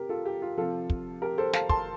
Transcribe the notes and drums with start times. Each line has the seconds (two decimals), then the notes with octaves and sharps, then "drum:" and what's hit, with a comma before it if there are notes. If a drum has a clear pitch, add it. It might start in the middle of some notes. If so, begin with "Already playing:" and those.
Already playing: C3 G4 A#4
0.09 F4 A4
0.25 G4
0.42 F4
0.57 C3 F3 F4 A4
0.90 drum: kick
1.22 G4 A#4
1.38 A4 C5
1.53 F5 A5, drum: snare
1.69 A5 C6, drum: kick